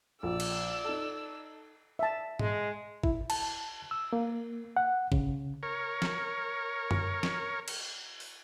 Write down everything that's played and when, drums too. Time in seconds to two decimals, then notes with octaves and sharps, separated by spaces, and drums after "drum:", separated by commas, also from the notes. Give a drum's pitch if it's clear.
0.23 A#1 D5 E6
0.40 drum: cymbal
0.85 D#4 A4
1.99 E5 A5
2.39 G#3, drum: tom G#2
3.03 E4, drum: kick
3.30 A5, drum: cymbal
3.91 E6
4.13 A#3
4.77 F#5
5.12 C#3, drum: kick
5.63 A#4 C#5
6.02 drum: snare
6.91 drum: tom F#2
7.23 drum: snare
7.68 drum: cymbal
8.20 drum: open hi-hat